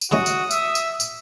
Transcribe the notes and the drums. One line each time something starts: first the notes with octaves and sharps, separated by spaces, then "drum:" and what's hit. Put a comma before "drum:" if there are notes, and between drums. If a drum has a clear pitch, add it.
drum: tambourine
E3 G#3 C#4 F#4 D#6
drum: tambourine
E5, drum: tambourine
drum: tambourine
drum: tambourine